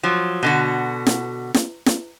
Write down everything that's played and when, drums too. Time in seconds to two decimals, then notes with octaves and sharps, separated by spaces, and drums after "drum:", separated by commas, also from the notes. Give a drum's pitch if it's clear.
0.03 F3 F#3
0.43 B2 D3 F#4
1.07 drum: snare
1.54 drum: snare
1.86 drum: snare